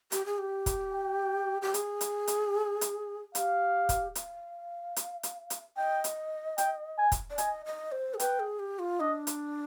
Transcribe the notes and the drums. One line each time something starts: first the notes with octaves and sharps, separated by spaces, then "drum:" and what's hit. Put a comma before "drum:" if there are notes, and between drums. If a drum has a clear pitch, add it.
G4, drum: hi-hat
G#4
G4
drum: kick, hi-hat
G5
G4
G#4, drum: hi-hat
drum: hi-hat
drum: hi-hat
drum: hi-hat
G4 F5, drum: hi-hat
drum: kick, hi-hat
F5, drum: hi-hat
drum: hi-hat
drum: hi-hat
drum: hi-hat
D#5 G5
drum: hi-hat
G5, drum: hi-hat
G#5
drum: kick, hi-hat
D5
D#5 G#5, drum: hi-hat
D#5
C5
G#4
B4 G5, drum: hi-hat
G#4
G4
F4
D4 D#5
drum: hi-hat